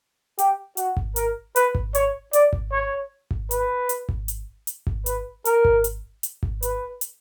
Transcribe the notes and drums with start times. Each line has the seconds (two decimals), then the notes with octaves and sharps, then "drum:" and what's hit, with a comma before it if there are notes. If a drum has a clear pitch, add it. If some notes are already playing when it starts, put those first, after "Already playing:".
0.39 G4, drum: hi-hat
0.77 F#4, drum: hi-hat
0.97 drum: kick G#1
1.16 A#4, drum: hi-hat
1.56 B4, drum: hi-hat
1.75 drum: kick G#1
1.95 C#5, drum: hi-hat
2.33 D5, drum: hi-hat
2.53 drum: kick G#1
2.72 C#5
3.31 drum: kick G#1
3.51 B4, drum: hi-hat
3.89 drum: hi-hat
4.09 drum: kick G#1
4.28 drum: hi-hat
4.67 drum: hi-hat
4.87 drum: kick G#1
5.06 B4, drum: hi-hat
5.45 A#4, drum: hi-hat
5.65 drum: kick G#1
5.84 drum: hi-hat
6.23 drum: hi-hat
6.43 drum: kick G#1
6.63 B4, drum: hi-hat
7.01 drum: hi-hat